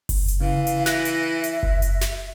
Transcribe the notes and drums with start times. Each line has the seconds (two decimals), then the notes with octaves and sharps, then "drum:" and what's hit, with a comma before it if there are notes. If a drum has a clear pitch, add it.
0.09 drum: kick F#1, open hi-hat
0.28 drum: hi-hat
0.40 C#3 E3 F5
0.67 drum: hi-hat
0.86 E5 F#6 A#6, drum: snare
1.05 drum: hi-hat
1.44 drum: hi-hat
1.63 drum: kick F#1
1.82 drum: hi-hat
2.01 drum: snare